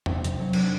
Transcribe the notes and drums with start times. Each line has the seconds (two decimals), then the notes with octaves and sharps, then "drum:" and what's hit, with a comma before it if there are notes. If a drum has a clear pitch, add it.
0.06 C3 D#4 D#5, drum: tom E2
0.24 drum: hi-hat
0.39 F#3
0.53 D4 D5, drum: cymbal